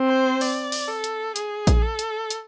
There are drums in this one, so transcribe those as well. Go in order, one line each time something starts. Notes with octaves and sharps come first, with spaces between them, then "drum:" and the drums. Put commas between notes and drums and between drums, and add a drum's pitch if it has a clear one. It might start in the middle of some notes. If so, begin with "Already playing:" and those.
Already playing: C4
C5
D5, drum: open hi-hat
drum: open hi-hat
A4
drum: hi-hat
G#4, drum: hi-hat
drum: kick A#1, hi-hat
A4
drum: hi-hat
drum: hi-hat